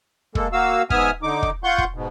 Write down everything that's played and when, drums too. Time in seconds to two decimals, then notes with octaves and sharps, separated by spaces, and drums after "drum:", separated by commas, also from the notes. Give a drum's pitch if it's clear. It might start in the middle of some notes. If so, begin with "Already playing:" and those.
0.35 G#3 A#3 A4, drum: kick
0.52 A#3 F#4 F5 E6
0.90 G#2 B3 E5 G#5 D#6 F6, drum: kick
1.23 D3 D#4 D6
1.43 drum: kick
1.64 F4 F#5 C6 C#6 G6
1.78 drum: kick
1.94 G#2 B2